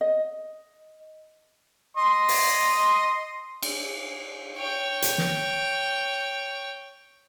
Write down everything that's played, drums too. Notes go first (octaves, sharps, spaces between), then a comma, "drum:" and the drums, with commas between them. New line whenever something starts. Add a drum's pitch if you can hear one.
D#5
D#5 C6
drum: open hi-hat
drum: cymbal
C#5 G5
drum: hi-hat
drum: snare